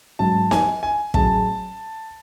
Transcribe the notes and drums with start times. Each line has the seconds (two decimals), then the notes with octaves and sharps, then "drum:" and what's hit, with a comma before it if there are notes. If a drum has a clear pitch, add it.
0.19 G#2 F#3 C#4 A5
0.51 G#5, drum: snare
0.83 G#5
1.14 A2 F#3 C#4 G#4 A5, drum: kick